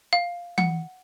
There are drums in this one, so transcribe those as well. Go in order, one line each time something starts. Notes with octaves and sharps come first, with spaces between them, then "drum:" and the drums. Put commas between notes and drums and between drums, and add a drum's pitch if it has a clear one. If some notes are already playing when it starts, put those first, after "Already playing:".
F5
F#5, drum: tom E3